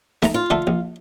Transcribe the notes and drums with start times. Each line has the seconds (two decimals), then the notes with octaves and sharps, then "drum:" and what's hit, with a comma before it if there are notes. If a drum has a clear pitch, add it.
0.22 A3 A#5, drum: snare D#4
0.34 F4
0.50 D3 A3 A4
0.67 A#1